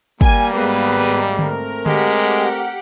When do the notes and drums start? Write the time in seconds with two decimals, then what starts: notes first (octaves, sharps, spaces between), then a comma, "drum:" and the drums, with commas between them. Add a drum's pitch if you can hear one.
0.21 G3 A#3 G#5, drum: kick
0.53 G#1 G#3 A#3 B3 B4
1.39 A3 C4 A#4, drum: tom D3
1.86 G#3 G4 F#5, drum: tom D3